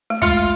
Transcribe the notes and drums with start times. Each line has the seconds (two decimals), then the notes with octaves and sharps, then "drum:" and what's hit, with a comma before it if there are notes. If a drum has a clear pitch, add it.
0.10 A3
0.22 G#3 F4, drum: kick